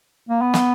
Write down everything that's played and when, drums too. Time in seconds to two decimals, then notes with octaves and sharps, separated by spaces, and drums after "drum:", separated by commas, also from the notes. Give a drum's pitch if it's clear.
0.29 A#3
0.42 B3
0.54 drum: snare